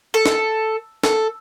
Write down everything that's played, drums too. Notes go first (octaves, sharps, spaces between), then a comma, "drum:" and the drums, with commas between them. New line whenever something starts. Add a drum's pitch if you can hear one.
A4
drum: snare
A4, drum: snare